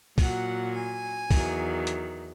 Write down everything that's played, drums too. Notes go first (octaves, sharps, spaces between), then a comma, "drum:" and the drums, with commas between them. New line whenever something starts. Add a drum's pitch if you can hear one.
A#2 F#3 F#5, drum: kick, open hi-hat
G#5
E2 D#3 F#3, drum: kick, open hi-hat
drum: hi-hat